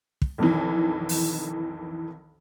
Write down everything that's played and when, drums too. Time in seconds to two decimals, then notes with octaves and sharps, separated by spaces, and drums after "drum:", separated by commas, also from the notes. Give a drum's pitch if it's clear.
0.22 drum: kick
0.38 B1 F2 D#3 E3
1.09 drum: open hi-hat